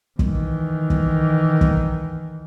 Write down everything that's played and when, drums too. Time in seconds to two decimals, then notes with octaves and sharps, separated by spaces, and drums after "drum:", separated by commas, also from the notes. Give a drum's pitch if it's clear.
0.19 D#3 E3, drum: kick
0.90 drum: kick
1.61 drum: kick